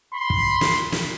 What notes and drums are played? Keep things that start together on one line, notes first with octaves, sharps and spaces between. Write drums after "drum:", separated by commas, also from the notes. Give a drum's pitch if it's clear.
B5 C6
drum: kick
drum: snare
drum: snare